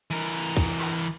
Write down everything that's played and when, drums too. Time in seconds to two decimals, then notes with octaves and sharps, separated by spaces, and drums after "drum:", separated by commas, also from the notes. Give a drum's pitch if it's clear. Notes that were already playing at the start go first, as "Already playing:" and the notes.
0.11 E3 A#4
0.57 drum: kick
0.80 drum: clap